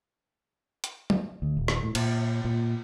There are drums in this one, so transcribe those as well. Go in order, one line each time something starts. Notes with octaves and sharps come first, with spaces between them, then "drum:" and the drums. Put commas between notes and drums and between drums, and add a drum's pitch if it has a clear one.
drum: hi-hat
drum: tom
D2
D#1
drum: rim click
A2
A#2, drum: cymbal
A#2